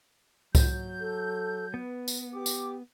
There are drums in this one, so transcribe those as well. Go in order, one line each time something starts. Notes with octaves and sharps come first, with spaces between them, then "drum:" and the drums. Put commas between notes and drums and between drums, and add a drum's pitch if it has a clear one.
F#3 G6, drum: kick C2, tambourine
A4
B3 B4
drum: tambourine
G4 D6
drum: tambourine